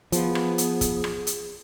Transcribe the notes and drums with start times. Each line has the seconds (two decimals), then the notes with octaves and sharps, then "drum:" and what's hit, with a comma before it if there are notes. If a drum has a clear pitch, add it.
0.12 F3 B3 G#4, drum: hi-hat
0.35 drum: rim click
0.58 drum: hi-hat
0.81 drum: kick, hi-hat
1.04 drum: rim click
1.27 drum: hi-hat